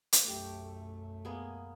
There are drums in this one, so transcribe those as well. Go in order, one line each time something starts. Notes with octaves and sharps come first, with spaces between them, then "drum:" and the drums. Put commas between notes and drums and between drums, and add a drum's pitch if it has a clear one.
drum: hi-hat
B1 F#2 A3 G4 D6
A#3 B3 G#4